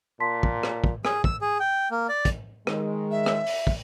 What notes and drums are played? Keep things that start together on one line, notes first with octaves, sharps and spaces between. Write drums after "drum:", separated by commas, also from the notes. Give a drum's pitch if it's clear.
A#2 A5 C6 B6
drum: kick
drum: rim click
drum: kick
G#4, drum: rim click
E6, drum: kick
G#4
G5
A#3
D5
drum: kick, hi-hat
D#3 G#3, drum: rim click
E5
drum: rim click
drum: open hi-hat
drum: kick